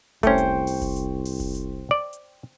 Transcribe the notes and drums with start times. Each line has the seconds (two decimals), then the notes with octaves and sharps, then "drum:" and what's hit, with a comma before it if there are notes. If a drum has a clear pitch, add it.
0.23 C2 A3 C#4 C5 G5 C#6, drum: kick F1, hi-hat
0.38 drum: hi-hat
0.67 drum: open hi-hat
0.82 drum: kick F1, hi-hat
0.96 drum: hi-hat
1.25 drum: open hi-hat
1.40 drum: kick F1, hi-hat
1.54 drum: hi-hat
1.91 D5
2.13 drum: hi-hat